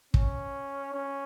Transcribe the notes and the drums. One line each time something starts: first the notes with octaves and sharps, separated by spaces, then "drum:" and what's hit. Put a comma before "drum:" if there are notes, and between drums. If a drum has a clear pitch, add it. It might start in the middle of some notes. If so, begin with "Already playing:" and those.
C#4, drum: kick
C#4